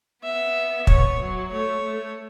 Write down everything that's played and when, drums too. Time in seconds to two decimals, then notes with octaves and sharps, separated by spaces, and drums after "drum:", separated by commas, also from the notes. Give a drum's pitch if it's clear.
0.23 B3 E5
0.87 C#5, drum: kick
1.19 F#3
1.51 A3 C#5
1.83 A3